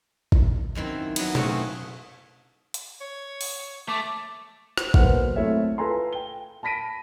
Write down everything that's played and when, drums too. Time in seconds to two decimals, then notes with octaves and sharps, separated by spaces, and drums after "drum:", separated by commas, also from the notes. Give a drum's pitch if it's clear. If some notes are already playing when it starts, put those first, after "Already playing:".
0.32 drum: kick A1
0.75 F#2 D#3 C4 E4
1.16 F#3 B3, drum: cymbal
1.35 C#3 A3 C4 F#4 G#4, drum: tom B2
2.74 drum: hi-hat
3.01 C#5
3.41 drum: open hi-hat
3.88 A3 D6
4.78 drum: rim click
4.94 B1 A#3 B4 C5 F#5 F6, drum: kick A1
5.36 A3 C4 E4 A4 C#5 E5
5.78 F4 A4 B4 G#5 A#5 C6
6.13 G5 G7
6.63 A5 B5 A#6 B6 D7 D#7